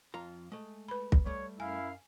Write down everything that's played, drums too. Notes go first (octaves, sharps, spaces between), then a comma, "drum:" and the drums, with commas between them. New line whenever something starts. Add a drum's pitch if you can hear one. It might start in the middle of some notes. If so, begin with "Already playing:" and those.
F2 F4 A#5
G#3 A3
B4 B5
drum: kick
G3 A3 C#5
F#2 E4 F5 G#5